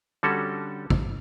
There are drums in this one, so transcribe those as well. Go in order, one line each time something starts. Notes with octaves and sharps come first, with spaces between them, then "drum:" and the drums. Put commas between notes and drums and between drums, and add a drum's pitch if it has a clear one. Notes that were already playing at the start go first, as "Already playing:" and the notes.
D3 G3 C#4 F#4 A4
drum: kick G#1